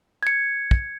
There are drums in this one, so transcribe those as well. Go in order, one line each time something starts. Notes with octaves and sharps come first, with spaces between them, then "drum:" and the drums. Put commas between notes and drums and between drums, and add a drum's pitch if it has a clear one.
G#6 C#7
drum: kick